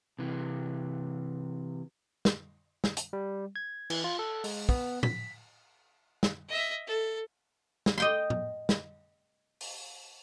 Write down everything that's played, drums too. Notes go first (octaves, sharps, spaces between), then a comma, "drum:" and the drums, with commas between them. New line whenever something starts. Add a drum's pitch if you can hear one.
C3 E3
drum: snare
drum: snare
drum: hi-hat
G3
G#6
E3, drum: cymbal
F4
A4
G#3, drum: open hi-hat
B3, drum: kick
B6, drum: tom A2
drum: snare
D#5 E5
A4
drum: snare
D#5 G5 C6
drum: tom A2
drum: snare
drum: open hi-hat